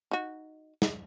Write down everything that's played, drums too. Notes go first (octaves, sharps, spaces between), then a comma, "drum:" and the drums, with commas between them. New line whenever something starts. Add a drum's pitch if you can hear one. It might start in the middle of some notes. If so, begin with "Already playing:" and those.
D#4 F#4
drum: snare